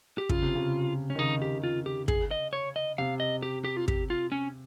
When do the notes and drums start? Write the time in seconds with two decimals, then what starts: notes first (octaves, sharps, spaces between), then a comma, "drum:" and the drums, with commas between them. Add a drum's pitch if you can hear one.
0.18 G4
0.29 C#3 F4, drum: kick
0.42 C3
0.55 C#3
1.10 C#4
1.15 D#3
1.19 C#3 D#4
1.42 G4
1.64 F4
1.86 G4
2.08 G#4, drum: kick
2.31 D#5
2.53 C#5
2.76 D#5
2.98 C3 F5
3.20 D#5
3.43 G4
3.64 G4
3.77 F4
3.88 G4, drum: kick
4.10 F4
4.32 C#4